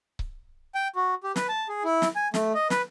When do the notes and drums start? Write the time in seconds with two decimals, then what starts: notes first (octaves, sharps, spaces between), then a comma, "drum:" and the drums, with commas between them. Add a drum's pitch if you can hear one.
0.19 drum: kick C#1
0.75 G5
0.96 F#4
1.24 G4
1.36 B4, drum: snare
1.49 A5
1.69 G#4
1.84 E4
2.02 drum: snare
2.16 G#5
2.34 A3, drum: snare
2.55 D#5
2.70 B4, drum: snare